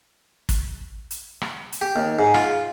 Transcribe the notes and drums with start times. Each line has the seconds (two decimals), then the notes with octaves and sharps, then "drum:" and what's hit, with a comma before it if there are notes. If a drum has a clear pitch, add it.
0.49 drum: kick, hi-hat
1.11 drum: hi-hat
1.41 drum: rim click
1.72 drum: hi-hat
1.81 G4
1.96 D#2
2.19 G#2
2.34 F4, drum: rim click